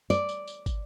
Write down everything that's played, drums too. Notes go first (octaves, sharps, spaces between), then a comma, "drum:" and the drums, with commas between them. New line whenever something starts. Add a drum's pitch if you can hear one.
D5, drum: tambourine
drum: tambourine
drum: tambourine
drum: kick, tambourine